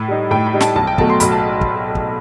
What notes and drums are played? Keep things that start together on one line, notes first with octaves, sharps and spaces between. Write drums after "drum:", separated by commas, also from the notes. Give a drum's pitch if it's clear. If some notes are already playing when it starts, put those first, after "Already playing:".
Already playing: A2 B5
G3 D#4
A2 G5
B5
G3 D#4
A5, drum: snare
B1 A5
G5
B2 F#3 A3 A5, drum: kick
C6
B1 B5, drum: hi-hat
A5
drum: kick
drum: kick